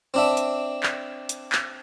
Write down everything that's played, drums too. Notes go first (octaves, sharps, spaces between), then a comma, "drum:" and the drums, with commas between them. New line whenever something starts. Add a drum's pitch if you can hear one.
C4 D4 E5
drum: hi-hat
drum: clap
drum: hi-hat
drum: clap